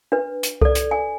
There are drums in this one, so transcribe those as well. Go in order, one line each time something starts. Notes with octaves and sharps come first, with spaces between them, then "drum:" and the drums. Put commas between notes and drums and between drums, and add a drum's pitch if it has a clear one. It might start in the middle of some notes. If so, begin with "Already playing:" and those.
D4 B4
drum: hi-hat
A4 D5, drum: kick C2
drum: hi-hat
G#5